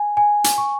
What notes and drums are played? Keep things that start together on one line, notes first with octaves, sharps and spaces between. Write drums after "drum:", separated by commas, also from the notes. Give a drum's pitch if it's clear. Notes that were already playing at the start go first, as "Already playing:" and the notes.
Already playing: G#5
G#5
drum: hi-hat
C#6